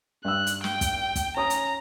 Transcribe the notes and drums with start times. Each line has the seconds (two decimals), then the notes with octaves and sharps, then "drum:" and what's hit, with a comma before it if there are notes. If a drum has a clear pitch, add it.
0.25 G2 E6 F#6
0.47 drum: hi-hat
0.64 G5, drum: snare
0.81 drum: kick, hi-hat
1.16 drum: kick, hi-hat
1.37 C#4 A#5 D#6
1.50 drum: hi-hat